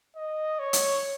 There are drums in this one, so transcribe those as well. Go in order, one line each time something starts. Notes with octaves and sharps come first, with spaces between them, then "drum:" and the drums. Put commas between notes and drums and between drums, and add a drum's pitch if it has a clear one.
D#5
C#5
drum: hi-hat